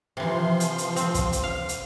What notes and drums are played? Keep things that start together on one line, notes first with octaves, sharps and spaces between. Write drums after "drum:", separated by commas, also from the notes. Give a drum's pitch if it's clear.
C3 E3 F3 C6
drum: hi-hat
drum: hi-hat
C4, drum: hi-hat
drum: kick, hi-hat
drum: hi-hat
F5
drum: hi-hat